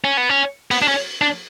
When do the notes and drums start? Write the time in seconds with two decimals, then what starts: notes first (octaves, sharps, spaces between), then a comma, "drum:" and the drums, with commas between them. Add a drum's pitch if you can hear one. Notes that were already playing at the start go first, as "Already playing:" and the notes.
0.04 C#4
0.17 B3
0.29 C#4
0.71 B3, drum: open hi-hat
0.82 D4
0.88 C#4
1.21 D4